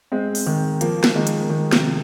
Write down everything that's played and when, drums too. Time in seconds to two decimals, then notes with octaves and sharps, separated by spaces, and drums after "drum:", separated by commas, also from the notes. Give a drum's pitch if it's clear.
0.12 G#3 C4
0.35 drum: open hi-hat
0.46 D#3 G#3
0.81 F3 A#3, drum: hi-hat
1.04 drum: snare
1.15 D#3 G#3
1.27 drum: hi-hat
1.38 A#3
1.49 D#3 G#3
1.72 C3 F3, drum: snare